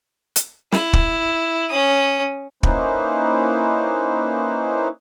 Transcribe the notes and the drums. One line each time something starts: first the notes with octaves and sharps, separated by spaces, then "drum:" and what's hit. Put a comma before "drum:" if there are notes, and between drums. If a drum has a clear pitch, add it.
drum: hi-hat
E4, drum: snare
drum: kick
C#4 D#6
A#3 C#4 D#4 E4 B4 C5, drum: kick